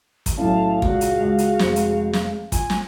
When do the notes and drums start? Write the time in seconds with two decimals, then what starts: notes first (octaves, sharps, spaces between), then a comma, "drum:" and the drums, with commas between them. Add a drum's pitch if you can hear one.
0.26 drum: kick, hi-hat
0.38 B1 A2 C#4 F5 A5
0.82 C#2 A#2 G#3 F#4, drum: kick
1.01 drum: hi-hat
1.20 C#2
1.38 drum: hi-hat
1.59 F1 C5 C#7, drum: snare
1.76 drum: hi-hat
2.13 drum: snare
2.52 F4 G#5, drum: kick, hi-hat
2.70 drum: snare